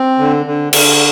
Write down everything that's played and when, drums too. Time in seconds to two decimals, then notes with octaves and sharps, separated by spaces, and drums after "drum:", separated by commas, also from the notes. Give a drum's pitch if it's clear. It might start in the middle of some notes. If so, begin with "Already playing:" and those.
Already playing: C4
0.19 D3
0.46 D3
0.73 D3, drum: cymbal